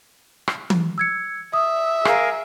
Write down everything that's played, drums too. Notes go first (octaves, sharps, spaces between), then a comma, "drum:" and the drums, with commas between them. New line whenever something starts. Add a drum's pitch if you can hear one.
drum: rim click
drum: tom E3
E6 G#6 C#7
E5 D#6
G#4 A#4 F5, drum: rim click